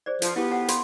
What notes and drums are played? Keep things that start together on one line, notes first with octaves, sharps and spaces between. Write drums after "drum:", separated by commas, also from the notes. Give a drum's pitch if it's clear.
G#4 C5 D5
F3, drum: hi-hat
B3 E4 G4 G#4
A4 F#5 A5
F5 B5 C6, drum: hi-hat